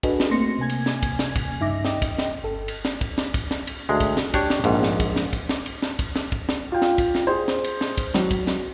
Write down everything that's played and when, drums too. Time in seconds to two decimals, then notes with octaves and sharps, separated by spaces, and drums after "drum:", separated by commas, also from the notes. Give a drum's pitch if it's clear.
0.03 D4 F#4 G#4 A4 B4 D#5, drum: kick, cymbal
0.20 drum: snare
0.30 A3 A#3 C4 C6 A#6 C#7
0.59 C3 A#3 G#5 G#6
0.70 drum: cymbal
0.86 drum: snare
1.03 drum: kick, cymbal
1.19 drum: snare
1.36 drum: kick, cymbal
1.60 G2 C#3 D#4 E5 D6 A#6
1.85 D#5 G5, drum: snare
2.02 drum: kick, cymbal
2.18 drum: snare
2.43 G1 A4
2.68 drum: cymbal
2.85 drum: snare
3.01 drum: kick, cymbal
3.18 drum: snare
3.34 drum: kick, cymbal
3.51 drum: snare
3.67 drum: cymbal
3.89 D2 G#3
4.00 drum: kick, cymbal
4.17 drum: snare
4.34 D4 G4 C#5, drum: kick, cymbal
4.50 drum: snare
4.64 A#1 G#2, drum: cymbal
4.83 drum: snare
5.00 drum: kick, cymbal
5.16 drum: snare
5.33 drum: kick, cymbal
5.49 drum: snare
5.66 drum: cymbal
5.82 drum: snare
5.99 drum: kick, cymbal
6.16 drum: snare
6.32 drum: kick
6.49 drum: snare
6.72 F4 G5
6.82 drum: snare
6.98 drum: kick, cymbal
7.15 drum: snare
7.27 G#4 C5
7.48 drum: snare
7.64 drum: cymbal
7.81 drum: snare
7.98 drum: kick, cymbal
8.14 F#3, drum: snare
8.31 drum: kick, cymbal
8.47 drum: snare